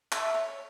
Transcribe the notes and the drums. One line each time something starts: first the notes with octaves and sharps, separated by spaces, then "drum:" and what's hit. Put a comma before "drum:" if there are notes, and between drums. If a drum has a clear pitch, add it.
E5, drum: clap
C#5